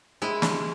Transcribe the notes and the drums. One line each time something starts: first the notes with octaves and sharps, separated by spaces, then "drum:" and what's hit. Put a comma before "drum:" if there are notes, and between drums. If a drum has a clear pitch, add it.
G#3 E4
drum: snare